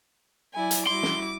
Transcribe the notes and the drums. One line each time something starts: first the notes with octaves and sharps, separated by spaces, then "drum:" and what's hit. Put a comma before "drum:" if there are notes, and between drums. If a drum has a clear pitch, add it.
F#3 E4 D5 G#5
drum: hi-hat
G3 E4 F#4 C6 D6
drum: snare